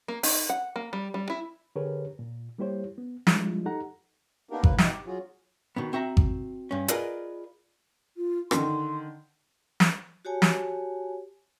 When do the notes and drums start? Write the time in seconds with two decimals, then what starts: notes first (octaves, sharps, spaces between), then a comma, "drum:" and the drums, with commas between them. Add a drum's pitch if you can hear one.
0.08 A#3
0.23 D#4, drum: open hi-hat
0.50 F#5
0.76 A#3
0.93 G3
1.14 G3
1.30 E4
1.76 D3 G4 G#4 A#4 B4 C#5
2.19 A#2
2.58 G3 A#3 E4 G4 C5 C#5
2.98 B3
3.27 F3 G3 G#3 D4 E4 F4, drum: snare
3.65 D#4 G4 A4 F#5 A#5
4.51 A#3 B3 D4 D#4 G4 A#4
4.63 A2 A#3 B4, drum: kick G#1
4.78 B2 D#4 E5 F#5 G5, drum: snare
4.91 G4
5.06 F#3 F4 F#4 G#4
5.76 B2 D#3 B3
5.93 C4 F#4 E5 A#5
6.17 drum: kick G#1
6.71 G2 C#4
6.88 F4 G#4 A#4 B4 D5 D#5, drum: hi-hat
8.17 F4
8.51 D3 D#3 C6, drum: rim click
9.80 drum: snare
10.25 F#4 G4 C#5 G#5 A5
10.42 drum: snare